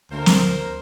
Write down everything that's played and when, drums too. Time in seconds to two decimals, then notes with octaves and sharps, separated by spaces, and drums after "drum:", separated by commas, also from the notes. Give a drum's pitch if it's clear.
0.12 D2 A#3 A#4 C5
0.26 drum: snare